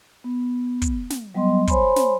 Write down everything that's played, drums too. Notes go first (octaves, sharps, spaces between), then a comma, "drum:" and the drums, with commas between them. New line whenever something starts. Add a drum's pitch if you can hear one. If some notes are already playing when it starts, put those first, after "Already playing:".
B3
drum: kick, hi-hat
drum: snare
F#3 G3 B3 D#5 C6
C5 C#5 G#5 B5 C6, drum: kick, hi-hat
drum: snare